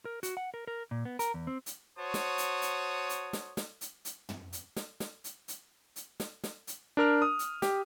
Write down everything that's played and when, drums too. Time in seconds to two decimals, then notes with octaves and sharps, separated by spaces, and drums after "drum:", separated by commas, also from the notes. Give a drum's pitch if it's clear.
0.05 A#4
0.23 F#4, drum: hi-hat
0.37 F#5
0.54 A#4
0.67 A#4
0.91 A#2
1.05 B3
1.19 A#4, drum: hi-hat
1.34 E2
1.47 C4
1.66 drum: hi-hat
1.99 F#4 C5 C#5 A5 D#6
2.14 drum: snare
2.38 drum: hi-hat
2.62 drum: hi-hat
3.09 drum: hi-hat
3.33 drum: snare
3.57 drum: snare
3.81 drum: hi-hat
4.05 drum: hi-hat
4.29 drum: tom
4.53 drum: hi-hat
4.76 drum: snare
5.00 drum: snare
5.24 drum: hi-hat
5.48 drum: hi-hat
5.96 drum: hi-hat
6.20 drum: snare
6.44 drum: snare
6.67 drum: hi-hat
6.97 D4 A#4 F6
7.22 D#6
7.39 drum: hi-hat
7.62 G4, drum: snare